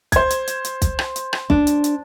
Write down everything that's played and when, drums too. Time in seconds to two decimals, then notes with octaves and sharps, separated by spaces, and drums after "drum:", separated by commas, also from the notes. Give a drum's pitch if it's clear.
0.12 C5 G#6, drum: kick, hi-hat
0.30 drum: hi-hat
0.47 drum: hi-hat
0.65 drum: hi-hat
0.82 drum: kick, hi-hat
0.99 drum: rim click
1.16 drum: hi-hat
1.33 drum: rim click
1.50 D4, drum: kick
1.67 drum: hi-hat
1.84 drum: hi-hat